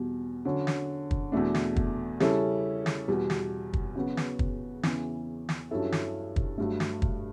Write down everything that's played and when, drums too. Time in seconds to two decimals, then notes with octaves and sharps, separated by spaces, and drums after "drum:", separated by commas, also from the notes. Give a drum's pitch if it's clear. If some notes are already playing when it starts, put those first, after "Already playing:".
Already playing: E2 B2 G3
0.45 D3 F#3 C#4
0.67 drum: snare
1.11 drum: kick
1.32 E2 B2 A3 D4
1.55 drum: snare
1.76 drum: kick
2.20 C#3 G3 C#4 E4 A4, drum: snare
2.86 drum: snare
3.08 E2 B2 G3
3.30 drum: snare
3.73 drum: kick
3.95 C#3 F#3 B3 F#4
4.17 drum: snare
4.39 drum: kick
4.83 E2 C#3 E3, drum: snare
5.49 drum: snare
5.71 G2 F#3 C#4 E4 A4
5.92 drum: snare
6.36 drum: kick
6.58 G2 F#3 A3
6.80 drum: snare
7.02 drum: kick